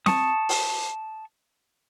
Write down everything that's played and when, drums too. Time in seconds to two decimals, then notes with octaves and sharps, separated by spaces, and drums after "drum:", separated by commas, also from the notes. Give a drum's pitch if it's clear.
0.06 A5 C#6 D#6, drum: snare C4
0.49 drum: open hi-hat